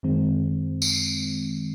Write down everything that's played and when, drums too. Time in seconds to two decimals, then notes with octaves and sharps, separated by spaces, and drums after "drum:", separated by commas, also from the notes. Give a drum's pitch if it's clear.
0.03 F#2 D#3 G#3 C4
0.82 drum: tambourine